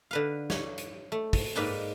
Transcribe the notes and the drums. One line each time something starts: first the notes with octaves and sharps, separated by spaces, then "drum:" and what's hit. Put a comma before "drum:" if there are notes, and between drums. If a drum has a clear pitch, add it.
D3 B4 F5
C#5, drum: snare
drum: hi-hat
A3
drum: kick, open hi-hat
G#2 A#3 D#4 B4 D5 G5